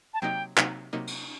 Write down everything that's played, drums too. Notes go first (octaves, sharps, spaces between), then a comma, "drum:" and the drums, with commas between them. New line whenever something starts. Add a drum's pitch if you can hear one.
A5
C3 F#3 A#3 D#4 G5
C3 F#3 A#3 D#4, drum: clap
C3 F#3 A#3 D#4
drum: cymbal